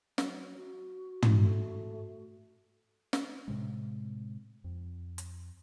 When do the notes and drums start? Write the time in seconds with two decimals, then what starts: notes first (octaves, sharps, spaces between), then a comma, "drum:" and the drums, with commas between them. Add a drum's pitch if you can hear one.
0.18 F#3, drum: snare
0.57 F#4
1.22 drum: tom
1.43 A3
3.13 drum: snare
3.48 A2 C3 G#3
4.64 F2
5.18 drum: hi-hat